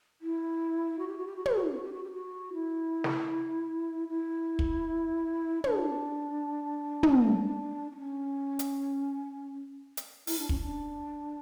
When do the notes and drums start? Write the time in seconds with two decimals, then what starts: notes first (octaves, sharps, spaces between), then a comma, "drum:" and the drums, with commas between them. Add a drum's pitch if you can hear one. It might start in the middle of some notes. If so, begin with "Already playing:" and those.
0.21 E4
0.99 F#4
1.08 G4
1.18 F#4
1.27 G4
1.36 F#4
1.46 G4, drum: tom
1.55 F#4
1.66 G4
1.75 F#4
1.84 G4
1.93 F#4
2.04 G4
2.12 F#4
2.53 E4
3.04 drum: snare
4.08 E4
4.59 drum: kick
5.64 D4, drum: tom
7.03 drum: tom
7.91 D4
7.96 C#4
8.59 drum: hi-hat
9.97 drum: hi-hat
10.27 E4, drum: open hi-hat
10.39 D4
10.49 C#4, drum: kick
10.61 D4